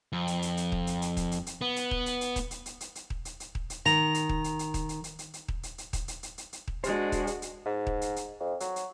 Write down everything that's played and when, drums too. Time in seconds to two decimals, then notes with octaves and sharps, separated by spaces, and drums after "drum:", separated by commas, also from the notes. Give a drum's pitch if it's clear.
0.13 F2
0.27 drum: hi-hat
0.42 drum: hi-hat
0.57 drum: hi-hat
0.72 drum: kick D#1
0.87 drum: hi-hat
1.02 drum: hi-hat
1.17 drum: kick D#1, hi-hat
1.32 drum: hi-hat
1.47 drum: hi-hat
1.61 B3
1.76 drum: hi-hat
1.91 drum: kick D#1
2.06 drum: hi-hat
2.21 drum: hi-hat
2.36 drum: kick D#1, hi-hat
2.51 drum: hi-hat
2.66 drum: hi-hat
2.80 drum: hi-hat
2.95 drum: hi-hat
3.10 drum: kick D#1
3.25 drum: hi-hat
3.40 drum: hi-hat
3.55 drum: kick D#1
3.70 drum: hi-hat
3.86 D#3 A#5, drum: hi-hat
4.14 drum: hi-hat
4.29 drum: kick D#1
4.44 drum: hi-hat
4.59 drum: hi-hat
4.74 drum: kick D#1, hi-hat
4.89 drum: hi-hat
5.04 drum: hi-hat
5.19 drum: hi-hat
5.34 drum: hi-hat
5.48 drum: kick D#1
5.63 drum: hi-hat
5.78 drum: hi-hat
5.93 drum: kick D#1, hi-hat
6.08 drum: hi-hat
6.23 drum: hi-hat
6.38 drum: hi-hat
6.53 drum: hi-hat
6.68 drum: kick D#1
6.84 G#3 D4 F#4 C5, drum: hi-hat
7.12 drum: kick D#1, hi-hat
7.27 drum: hi-hat
7.42 drum: hi-hat
7.66 G#2
7.87 drum: kick D#1
8.01 drum: hi-hat
8.16 drum: hi-hat
8.40 F2
8.60 F#3, drum: hi-hat
8.76 drum: hi-hat